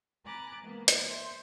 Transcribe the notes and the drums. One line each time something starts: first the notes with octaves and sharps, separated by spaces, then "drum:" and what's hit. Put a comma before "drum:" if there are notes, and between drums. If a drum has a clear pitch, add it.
G#5 A#5 B5 D6 F#6 A6
E3 G#3 A#3 B3
drum: hi-hat
C5 E5